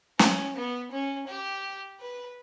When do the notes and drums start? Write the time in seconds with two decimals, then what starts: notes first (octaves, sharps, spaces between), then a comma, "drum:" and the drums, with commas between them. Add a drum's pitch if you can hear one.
0.19 C#4, drum: snare
0.56 B3
0.91 C#4
1.27 G4
2.01 B4